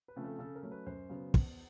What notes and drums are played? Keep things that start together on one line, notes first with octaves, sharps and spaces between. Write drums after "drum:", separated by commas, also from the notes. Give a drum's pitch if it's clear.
B4
C#3 F3 A3 C4
A4
C#3 A4
A#4
F#3 A3 C#4
B4
F#2 C5
C#3 F#3 B3
E2, drum: kick